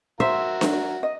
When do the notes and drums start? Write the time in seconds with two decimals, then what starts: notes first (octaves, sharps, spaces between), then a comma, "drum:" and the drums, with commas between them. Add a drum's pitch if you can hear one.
0.20 F#4 A#4 C5 E5
0.61 drum: snare D4
1.03 D#5